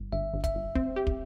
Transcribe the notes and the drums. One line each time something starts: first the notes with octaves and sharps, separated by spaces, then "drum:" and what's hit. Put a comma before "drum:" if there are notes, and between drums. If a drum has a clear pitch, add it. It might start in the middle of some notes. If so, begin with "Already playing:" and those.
Already playing: G1
G1 E5
G1
E5, drum: kick, hi-hat
G1
C4, drum: kick
G4
drum: kick